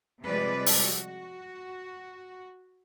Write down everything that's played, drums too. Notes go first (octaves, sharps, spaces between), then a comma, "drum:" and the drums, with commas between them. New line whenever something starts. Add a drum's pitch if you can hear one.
C3 F3 G3 G#3 B4 D5
drum: open hi-hat
F#4